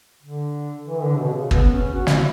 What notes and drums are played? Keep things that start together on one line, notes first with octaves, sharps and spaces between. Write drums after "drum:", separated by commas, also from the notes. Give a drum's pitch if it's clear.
D3
E3
D3
B2
C#3
B3, drum: kick
C#4
F#4
F#4, drum: snare
E4